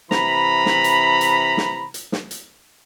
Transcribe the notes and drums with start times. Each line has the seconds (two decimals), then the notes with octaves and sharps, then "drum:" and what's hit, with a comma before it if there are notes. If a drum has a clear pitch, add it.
0.11 C3 E3 A#5 B5, drum: snare
0.66 drum: snare
0.84 drum: hi-hat
1.21 drum: hi-hat
1.57 drum: snare
1.94 drum: hi-hat
2.12 drum: snare
2.31 drum: hi-hat